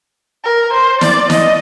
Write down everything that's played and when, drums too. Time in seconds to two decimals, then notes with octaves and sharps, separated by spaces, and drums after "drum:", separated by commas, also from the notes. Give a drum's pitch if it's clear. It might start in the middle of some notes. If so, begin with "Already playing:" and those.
0.44 A#4
0.73 C5
1.01 D5, drum: snare
1.30 D#5, drum: snare